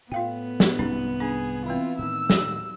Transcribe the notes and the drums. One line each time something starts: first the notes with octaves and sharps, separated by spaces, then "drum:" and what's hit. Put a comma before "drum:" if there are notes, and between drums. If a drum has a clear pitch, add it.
A2 B3 F4 F5 G5
drum: snare
C2 G#2 C#4 D#4
D4 G#4
E3 C4 E4 F4
A2 D#3 E6
drum: snare